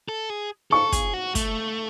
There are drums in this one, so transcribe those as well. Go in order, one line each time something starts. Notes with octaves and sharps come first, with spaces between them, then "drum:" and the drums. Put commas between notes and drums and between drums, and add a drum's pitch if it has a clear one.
A4
G#4
A4 C#6
G#4, drum: kick, hi-hat
F#4
A3, drum: kick, hi-hat